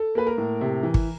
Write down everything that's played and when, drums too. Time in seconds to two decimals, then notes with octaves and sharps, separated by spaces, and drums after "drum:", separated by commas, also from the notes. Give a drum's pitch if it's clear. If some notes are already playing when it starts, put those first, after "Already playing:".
Already playing: A4
0.15 A#3 B4
0.27 A#4
0.38 A2
0.61 C3
0.83 E3
0.94 drum: kick G#1